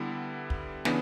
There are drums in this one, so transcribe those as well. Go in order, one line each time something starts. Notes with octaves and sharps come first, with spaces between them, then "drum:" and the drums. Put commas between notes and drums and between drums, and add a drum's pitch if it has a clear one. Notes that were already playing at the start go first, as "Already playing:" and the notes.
Already playing: D3 G3 B3 E4
drum: kick
C#3 E3 B3 D4, drum: snare